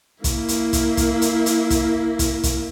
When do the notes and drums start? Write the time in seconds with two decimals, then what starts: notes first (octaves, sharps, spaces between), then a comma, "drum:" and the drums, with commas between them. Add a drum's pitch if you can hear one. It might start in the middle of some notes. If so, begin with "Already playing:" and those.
0.24 A#3 E4, drum: kick, hi-hat
0.48 drum: hi-hat
0.73 drum: kick, hi-hat
0.97 drum: kick, hi-hat
1.22 drum: hi-hat
1.46 drum: hi-hat
1.70 drum: kick, hi-hat
2.19 drum: kick, hi-hat
2.43 drum: kick, hi-hat